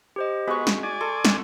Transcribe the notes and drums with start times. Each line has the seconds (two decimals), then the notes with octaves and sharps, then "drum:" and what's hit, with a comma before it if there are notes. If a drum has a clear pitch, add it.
0.16 G4 C5 D#5
0.48 G#3 B3 F#4 C#6
0.67 drum: snare
0.83 D5 G#5
1.01 A4 C6
1.25 drum: snare